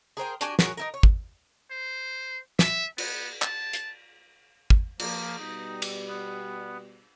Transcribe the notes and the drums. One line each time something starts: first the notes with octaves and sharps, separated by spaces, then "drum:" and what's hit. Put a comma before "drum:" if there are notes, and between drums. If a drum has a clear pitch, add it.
G#4 A#4 C5 G5
D4 F#4 G4 G#5, drum: hi-hat
F#4 G#4 A#4 C#5, drum: snare
D#4 E4 A#4
C#5
drum: kick
C5
E5, drum: snare
B3, drum: cymbal
A5, drum: clap
drum: hi-hat
drum: kick
F3 A#3, drum: cymbal
B2 G3 D#4
drum: cymbal
B3